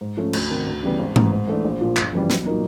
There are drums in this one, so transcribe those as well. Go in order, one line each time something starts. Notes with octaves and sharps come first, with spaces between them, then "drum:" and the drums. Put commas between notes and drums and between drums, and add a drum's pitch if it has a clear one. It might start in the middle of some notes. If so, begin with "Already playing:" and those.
G#2
F3 A3 C#4
D2, drum: cymbal
C3 D#3
D2
C#3 E3 G3 B3
G#1
G#2 E3, drum: tom
G#2
E3 A3 D4
A#1
A#2 F3
G1, drum: clap
F2 C#3 E3 G3
B1, drum: snare
A#2 F#3 A#3 D#4